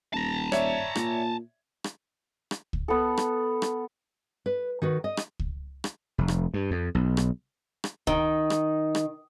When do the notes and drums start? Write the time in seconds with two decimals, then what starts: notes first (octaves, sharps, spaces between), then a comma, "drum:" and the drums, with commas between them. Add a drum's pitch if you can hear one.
0.14 D#1 A5 A#5
0.52 C#5 D5 E5, drum: rim click
0.95 A#2, drum: rim click
1.84 drum: rim click
2.51 drum: rim click
2.73 drum: kick C#2
2.88 B3 A4
3.17 drum: rim click
3.62 drum: rim click
4.46 B4
4.82 D#3 F#4 B4
5.04 D#5
5.17 drum: rim click
5.39 drum: kick C#2
5.84 drum: rim click
6.18 F1
6.28 drum: rim click
6.54 G2
6.71 F2
6.95 B1
7.17 drum: rim click
7.84 drum: rim click
8.07 D#3, drum: kick C#2
8.50 drum: rim click
8.95 drum: rim click